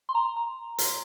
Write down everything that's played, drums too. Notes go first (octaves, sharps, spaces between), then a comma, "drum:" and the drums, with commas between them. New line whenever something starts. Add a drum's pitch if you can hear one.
C6
A#5
A#5
drum: hi-hat